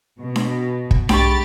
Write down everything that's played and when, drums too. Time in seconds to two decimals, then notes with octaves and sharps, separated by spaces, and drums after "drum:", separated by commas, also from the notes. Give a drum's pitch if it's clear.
0.19 B2
0.36 drum: snare D4
0.91 drum: kick
1.09 B1 G#2 G4 G5 B5 C#6 A6, drum: snare D4